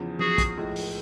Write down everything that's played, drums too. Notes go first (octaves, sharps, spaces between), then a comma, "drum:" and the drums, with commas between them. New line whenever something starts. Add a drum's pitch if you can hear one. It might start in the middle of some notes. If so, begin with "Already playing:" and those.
Already playing: E2 C#3 F3
F#4 G#4, drum: tom F3
drum: kick, hi-hat
A2 F3 G#3
drum: open hi-hat